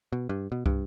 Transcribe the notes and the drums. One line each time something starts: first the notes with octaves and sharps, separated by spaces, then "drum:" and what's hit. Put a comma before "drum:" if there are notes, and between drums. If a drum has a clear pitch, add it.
B2
G2
B2
G2, drum: kick